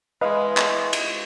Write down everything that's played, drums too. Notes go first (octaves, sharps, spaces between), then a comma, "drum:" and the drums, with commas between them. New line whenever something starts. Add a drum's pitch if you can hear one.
E3 G#3 B4 D#5 F5 D#6
drum: clap
drum: cymbal